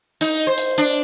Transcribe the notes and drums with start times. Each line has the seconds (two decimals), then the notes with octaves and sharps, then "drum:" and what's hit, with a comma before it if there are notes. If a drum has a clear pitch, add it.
0.21 D#4, drum: hi-hat
0.47 C5
0.58 drum: hi-hat
0.78 D4, drum: hi-hat